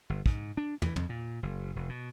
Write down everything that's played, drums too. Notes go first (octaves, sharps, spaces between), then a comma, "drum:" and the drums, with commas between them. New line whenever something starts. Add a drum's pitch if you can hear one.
G1
G#2, drum: kick
D4
E3, drum: tom
F2, drum: tom
A#2
F#1
F1
B2